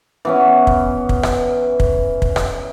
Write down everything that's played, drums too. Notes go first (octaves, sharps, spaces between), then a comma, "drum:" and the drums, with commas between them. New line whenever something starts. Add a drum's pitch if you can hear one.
E3 B3 C#4
drum: kick
drum: kick
drum: rim click
drum: kick
drum: kick
drum: rim click